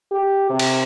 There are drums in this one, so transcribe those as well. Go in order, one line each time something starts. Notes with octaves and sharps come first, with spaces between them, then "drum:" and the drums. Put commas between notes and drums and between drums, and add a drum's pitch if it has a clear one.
G4
C3
drum: cymbal